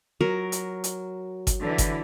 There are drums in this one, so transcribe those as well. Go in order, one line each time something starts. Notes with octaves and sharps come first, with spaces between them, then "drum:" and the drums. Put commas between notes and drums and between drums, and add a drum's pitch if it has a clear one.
F#3 A#4
drum: hi-hat
drum: hi-hat
drum: kick G1, hi-hat
D3 E3 E4
drum: kick G1, hi-hat